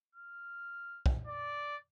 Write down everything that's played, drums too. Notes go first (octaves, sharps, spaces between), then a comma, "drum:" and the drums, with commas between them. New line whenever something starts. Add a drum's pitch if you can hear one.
F6
drum: kick
D5